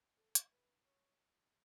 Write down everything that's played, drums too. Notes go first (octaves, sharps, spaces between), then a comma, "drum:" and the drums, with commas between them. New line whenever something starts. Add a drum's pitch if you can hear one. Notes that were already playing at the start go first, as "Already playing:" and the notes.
A4
drum: hi-hat
B4
C#5